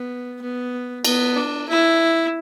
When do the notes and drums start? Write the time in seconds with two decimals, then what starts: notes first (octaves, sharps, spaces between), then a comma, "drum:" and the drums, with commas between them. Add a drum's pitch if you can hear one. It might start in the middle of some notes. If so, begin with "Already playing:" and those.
Already playing: B3
0.41 B3
1.05 B3, drum: cymbal
1.36 D4
1.69 E4